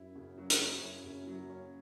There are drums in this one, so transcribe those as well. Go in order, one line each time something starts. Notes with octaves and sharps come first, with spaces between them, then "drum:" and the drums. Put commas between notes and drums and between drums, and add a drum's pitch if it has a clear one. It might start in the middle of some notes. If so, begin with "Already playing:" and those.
Already playing: F#2 E4
C#3
F#3
drum: hi-hat
C#4
F#2 E4
C#3
F#3
C#4